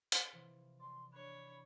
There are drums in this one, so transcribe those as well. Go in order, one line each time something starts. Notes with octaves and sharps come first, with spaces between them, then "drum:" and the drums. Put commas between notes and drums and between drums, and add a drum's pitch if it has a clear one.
drum: hi-hat
C3 E3 F3
D5 C6
D4 C#5 B5 F#6